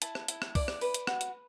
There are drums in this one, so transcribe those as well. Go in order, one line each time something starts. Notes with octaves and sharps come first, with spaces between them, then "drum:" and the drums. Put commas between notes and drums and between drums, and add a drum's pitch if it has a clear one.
E4 A5, drum: hi-hat
drum: rim click
E4, drum: hi-hat
drum: rim click
D5, drum: kick, open hi-hat
drum: rim click
B4, drum: open hi-hat
drum: hi-hat
F#4, drum: rim click
drum: hi-hat